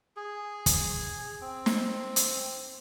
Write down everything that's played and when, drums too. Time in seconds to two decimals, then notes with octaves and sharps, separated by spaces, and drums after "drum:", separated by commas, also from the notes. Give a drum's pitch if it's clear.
0.17 G#4
0.66 drum: kick, hi-hat
1.41 C4
1.66 drum: snare
2.16 drum: hi-hat